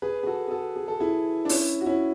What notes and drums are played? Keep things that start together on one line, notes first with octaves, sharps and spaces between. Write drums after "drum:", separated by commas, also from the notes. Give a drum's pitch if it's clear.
G#4 B4
G#4
F#4 A4
G#4
F#4 A4
G#4
A4
E4 G#4
D4
C#4 E4, drum: open hi-hat
F#4
C#4 E4